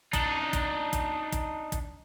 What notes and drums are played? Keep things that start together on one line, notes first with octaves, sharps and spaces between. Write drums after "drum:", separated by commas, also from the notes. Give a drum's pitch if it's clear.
D4 D#4, drum: kick, hi-hat
drum: kick, hi-hat
drum: kick, hi-hat
drum: kick, hi-hat
drum: kick, hi-hat